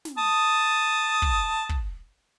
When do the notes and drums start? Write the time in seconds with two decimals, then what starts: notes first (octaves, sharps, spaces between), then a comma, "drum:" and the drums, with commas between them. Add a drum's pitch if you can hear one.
0.05 drum: snare
0.18 A5 D#6
1.22 drum: kick
1.69 drum: kick